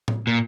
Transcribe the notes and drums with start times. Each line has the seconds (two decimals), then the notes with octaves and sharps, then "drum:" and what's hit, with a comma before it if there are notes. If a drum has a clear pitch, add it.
0.08 drum: tom A2
0.27 A#2